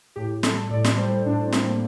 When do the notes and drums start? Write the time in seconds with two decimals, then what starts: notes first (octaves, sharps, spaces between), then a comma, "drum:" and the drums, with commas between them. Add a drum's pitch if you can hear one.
0.16 A2 G4
0.43 G3 A4, drum: snare
0.70 A2 D5
0.84 drum: snare
0.98 G3 C5
1.26 A2 D4
1.47 C4
1.52 G3 A#3, drum: snare